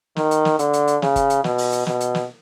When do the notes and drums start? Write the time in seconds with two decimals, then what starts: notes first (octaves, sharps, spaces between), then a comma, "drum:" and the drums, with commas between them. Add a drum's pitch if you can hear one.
0.16 D#3, drum: snare
0.31 drum: hi-hat
0.45 drum: snare
0.59 D3, drum: hi-hat
0.73 drum: hi-hat
0.87 drum: hi-hat
1.02 C#3, drum: snare
1.16 drum: kick, hi-hat
1.30 drum: hi-hat
1.44 B2, drum: snare
1.58 drum: open hi-hat
1.72 drum: hi-hat
1.87 B2, drum: snare
2.00 drum: hi-hat
2.15 drum: snare